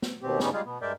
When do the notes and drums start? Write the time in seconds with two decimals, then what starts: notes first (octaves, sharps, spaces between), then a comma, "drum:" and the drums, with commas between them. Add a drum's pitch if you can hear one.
0.02 drum: snare
0.22 D#2 B2 C4 G4
0.40 G2 C#3 G3 B3 C#4 D#4, drum: snare
0.53 G3 G#3 D#4 F4 G#4 F5
0.66 B2 B3
0.81 G2 G#3 A#4 D5 E5 G5